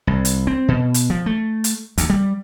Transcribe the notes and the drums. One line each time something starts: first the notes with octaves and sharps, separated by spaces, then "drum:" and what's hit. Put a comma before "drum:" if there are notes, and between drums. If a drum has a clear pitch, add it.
C2
drum: hi-hat
C4
B2
drum: hi-hat
F3
A3
drum: hi-hat
D2, drum: hi-hat
G3